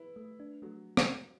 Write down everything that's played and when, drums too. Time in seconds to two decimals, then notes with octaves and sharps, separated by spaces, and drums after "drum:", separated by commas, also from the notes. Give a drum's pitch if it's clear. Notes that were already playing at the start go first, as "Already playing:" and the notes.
Already playing: E4 B4
0.16 A3
0.40 D4
0.62 F#3 A3
0.97 drum: rim click